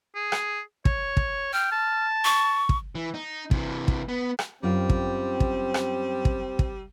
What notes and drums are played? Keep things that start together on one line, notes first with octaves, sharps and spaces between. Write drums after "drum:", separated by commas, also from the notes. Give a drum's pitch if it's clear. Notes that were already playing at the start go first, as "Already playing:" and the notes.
G#4
drum: rim click
C#5, drum: kick
drum: kick
G5 F6
A5
C#6
drum: kick
E3
D#4
C3 E3, drum: kick
drum: kick
B3
drum: rim click
F#2 G3 C4 F4 F5
drum: kick
drum: kick
drum: rim click
drum: kick
drum: kick